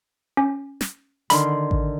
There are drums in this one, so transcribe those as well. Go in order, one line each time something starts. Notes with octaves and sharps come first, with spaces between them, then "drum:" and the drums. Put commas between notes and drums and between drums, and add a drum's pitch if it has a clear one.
C#4
drum: snare
D3 D#3 B5 C6, drum: hi-hat
drum: kick A1